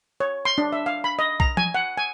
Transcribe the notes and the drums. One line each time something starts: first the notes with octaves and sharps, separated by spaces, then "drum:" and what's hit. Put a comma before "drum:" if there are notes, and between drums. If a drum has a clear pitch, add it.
C#5
C6
D4
E5
F5
B5
D#5
A#5, drum: kick B1
G#5, drum: tom F3
F#5
G#5